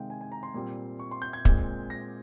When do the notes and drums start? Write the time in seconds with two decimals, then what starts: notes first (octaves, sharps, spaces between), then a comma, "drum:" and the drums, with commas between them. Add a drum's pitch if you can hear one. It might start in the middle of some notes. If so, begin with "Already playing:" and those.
Already playing: C3 D#3 G#3 C4 F5 G5
0.10 G#5
0.21 G#5
0.32 A#5
0.43 C6
0.54 A#2 G3 C4
0.99 C#6
1.11 C6
1.22 G6
1.33 G#6
1.45 A#2 G#3 C4, drum: kick
1.90 A#6